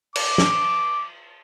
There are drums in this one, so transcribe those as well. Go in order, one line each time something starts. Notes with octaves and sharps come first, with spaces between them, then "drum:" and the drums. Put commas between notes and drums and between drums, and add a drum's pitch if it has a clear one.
D6, drum: cymbal
drum: snare